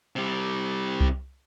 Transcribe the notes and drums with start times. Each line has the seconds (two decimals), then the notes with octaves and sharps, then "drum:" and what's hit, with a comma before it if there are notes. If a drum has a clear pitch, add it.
0.16 C3 G3
1.00 drum: kick C2